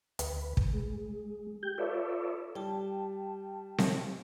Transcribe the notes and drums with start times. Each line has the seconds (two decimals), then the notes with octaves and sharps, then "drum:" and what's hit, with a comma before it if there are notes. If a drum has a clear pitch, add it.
0.19 D2 B4, drum: hi-hat
0.57 drum: kick
0.73 G#3
1.63 G4 G6
1.78 F4 A4 B4 C#5 D5 E5
2.55 G3 G5 A5
3.78 drum: snare C4